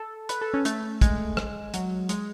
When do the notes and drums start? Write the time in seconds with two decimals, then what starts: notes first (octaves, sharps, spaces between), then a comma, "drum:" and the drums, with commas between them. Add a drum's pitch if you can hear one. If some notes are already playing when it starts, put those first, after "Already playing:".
Already playing: A4
0.29 B4, drum: hi-hat
0.42 A4
0.54 C#4
0.65 A3, drum: hi-hat
1.01 G#3, drum: kick, hi-hat
1.37 drum: rim click
1.74 F#3, drum: hi-hat
2.09 G#3, drum: hi-hat